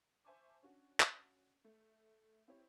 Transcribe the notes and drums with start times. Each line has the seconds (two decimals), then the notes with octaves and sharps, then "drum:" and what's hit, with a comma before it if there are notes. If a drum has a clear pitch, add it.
0.25 C5 E5 G#5 A5 C#6 D6
0.63 C#4 D4 F#4
1.00 drum: clap
1.64 A3
2.48 C4 E4 G4 C5 C#5